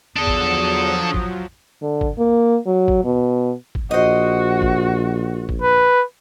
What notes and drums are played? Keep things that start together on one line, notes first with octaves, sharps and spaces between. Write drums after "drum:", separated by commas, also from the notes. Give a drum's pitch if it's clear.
E2 F3 F#3 D4 A4 D#6
drum: kick
drum: kick
D3
drum: kick
A#3
F#3
drum: kick
B2
drum: kick
A#1 F#4 C5 D#5
drum: kick
drum: kick
B4